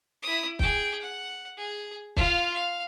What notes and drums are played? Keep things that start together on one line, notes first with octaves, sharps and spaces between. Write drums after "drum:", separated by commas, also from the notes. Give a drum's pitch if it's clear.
E4 D#6
G#4 G5, drum: kick
F#5
G#4
F4 F5, drum: kick
F5